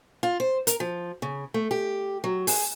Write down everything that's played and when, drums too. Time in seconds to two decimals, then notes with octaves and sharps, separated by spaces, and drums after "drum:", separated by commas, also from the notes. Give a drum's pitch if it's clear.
0.23 F4
0.40 C5
0.67 A#4, drum: hi-hat
0.80 F3
1.22 C#3
1.54 A3
1.71 G4
2.24 F#3
2.47 G#4, drum: open hi-hat